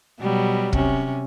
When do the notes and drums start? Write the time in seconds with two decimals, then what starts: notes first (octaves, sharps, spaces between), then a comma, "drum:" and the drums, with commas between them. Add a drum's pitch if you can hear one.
0.20 B2 F#3 G3
0.73 C3 C#4, drum: kick